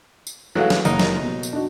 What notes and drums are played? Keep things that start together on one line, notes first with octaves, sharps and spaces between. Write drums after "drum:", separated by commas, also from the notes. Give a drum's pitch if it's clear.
drum: tambourine
E3 F#3 G#3 A3 F#4 F5
drum: snare
F#1 F#3 D#4 A#4, drum: tambourine
drum: snare
B2
drum: tambourine
D4 D#4 F#4